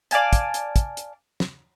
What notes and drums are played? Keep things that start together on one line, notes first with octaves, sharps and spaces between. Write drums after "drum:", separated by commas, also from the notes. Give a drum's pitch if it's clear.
D5 F5 G#5 A5, drum: hi-hat
drum: kick, hi-hat
drum: hi-hat
drum: kick, hi-hat
drum: hi-hat
drum: snare